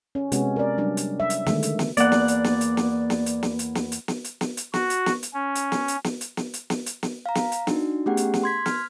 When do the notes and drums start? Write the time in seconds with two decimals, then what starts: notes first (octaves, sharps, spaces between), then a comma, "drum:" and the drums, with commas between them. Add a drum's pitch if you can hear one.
0.15 C#4
0.32 C3 G#3 B3 C#4 F#4, drum: hi-hat
0.56 A#4 D5
0.78 F#3 G3 D4 D5
0.97 drum: hi-hat
1.20 E5
1.30 drum: hi-hat
1.46 D3 D#3 G#3 A3, drum: snare
1.63 drum: hi-hat
1.79 drum: snare
1.97 E2 A#3 D5 F#5, drum: hi-hat
2.12 drum: snare
2.28 drum: hi-hat
2.44 drum: snare
2.61 drum: hi-hat
2.77 drum: snare
3.10 drum: snare
3.26 drum: hi-hat
3.43 drum: snare
3.59 drum: hi-hat
3.75 drum: snare
3.92 drum: hi-hat
4.08 drum: snare
4.24 drum: hi-hat
4.41 drum: snare
4.57 drum: hi-hat
4.74 F#4, drum: snare
4.90 drum: hi-hat
5.06 drum: snare
5.23 drum: hi-hat
5.34 C#4
5.55 drum: hi-hat
5.72 drum: snare
5.88 drum: hi-hat
6.04 drum: snare
6.21 drum: hi-hat
6.37 drum: snare
6.54 drum: hi-hat
6.70 drum: snare
6.86 drum: hi-hat
7.03 drum: snare
7.26 F5 A#5
7.35 drum: snare
7.52 drum: hi-hat
7.67 D4 D#4 F#4, drum: snare
8.06 A3 B3 C#4 G4 G#4 F#5
8.17 drum: hi-hat
8.34 drum: snare
8.43 C6 G#6 B6
8.66 F6, drum: snare